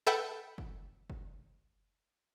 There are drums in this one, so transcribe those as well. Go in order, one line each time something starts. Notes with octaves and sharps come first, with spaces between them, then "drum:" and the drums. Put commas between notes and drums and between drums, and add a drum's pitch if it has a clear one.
A4 B4 E5 F#5 G5
drum: kick
drum: kick